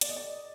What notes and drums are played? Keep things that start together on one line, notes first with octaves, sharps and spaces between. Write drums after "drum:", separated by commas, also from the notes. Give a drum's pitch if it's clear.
D5, drum: hi-hat
D#5
D5